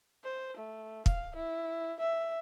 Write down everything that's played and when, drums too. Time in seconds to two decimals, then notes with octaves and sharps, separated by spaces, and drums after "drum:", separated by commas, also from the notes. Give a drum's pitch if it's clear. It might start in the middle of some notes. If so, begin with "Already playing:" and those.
0.24 C5
0.57 A3
1.06 F5, drum: kick
1.36 E4
2.00 E5